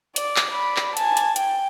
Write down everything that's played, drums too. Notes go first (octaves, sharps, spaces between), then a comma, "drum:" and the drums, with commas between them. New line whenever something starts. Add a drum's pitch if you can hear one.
D5, drum: hi-hat
drum: clap
D5 B5
drum: clap
G#5 A5, drum: hi-hat
drum: hi-hat
G5, drum: hi-hat